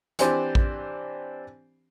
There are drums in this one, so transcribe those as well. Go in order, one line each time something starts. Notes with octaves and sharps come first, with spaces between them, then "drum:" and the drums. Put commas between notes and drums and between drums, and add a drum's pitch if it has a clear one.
E3 C4 D4 G4 C5 D5, drum: hi-hat
drum: kick A1